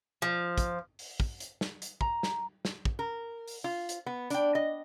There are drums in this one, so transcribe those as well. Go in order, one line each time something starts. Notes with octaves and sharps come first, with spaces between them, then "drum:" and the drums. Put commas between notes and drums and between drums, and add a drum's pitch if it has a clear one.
F3
drum: kick, hi-hat
drum: open hi-hat
drum: kick
drum: hi-hat
drum: snare
drum: hi-hat
A#5, drum: kick
drum: snare
drum: snare
drum: kick
A#4
drum: open hi-hat
F4
drum: hi-hat
B3
D4 G5, drum: hi-hat
D#5